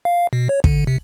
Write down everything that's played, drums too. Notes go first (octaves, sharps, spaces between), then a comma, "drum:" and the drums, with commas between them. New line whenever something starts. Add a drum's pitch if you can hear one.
F5
B2
C#5
D3, drum: kick
C3